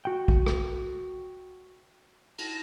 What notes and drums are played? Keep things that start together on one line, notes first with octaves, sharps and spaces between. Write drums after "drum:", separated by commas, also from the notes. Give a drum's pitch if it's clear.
F#4 G5
drum: kick
drum: rim click
drum: cymbal